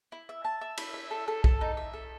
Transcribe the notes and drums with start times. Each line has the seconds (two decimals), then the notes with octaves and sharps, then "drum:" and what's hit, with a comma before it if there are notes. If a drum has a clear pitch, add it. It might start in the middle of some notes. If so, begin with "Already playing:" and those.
0.12 E4
0.29 E5
0.45 A5
0.61 E5
0.77 E4, drum: cymbal
0.94 E5
1.11 A4
1.28 A4
1.44 A4, drum: kick B1
1.61 D#4
1.77 E5
1.94 A4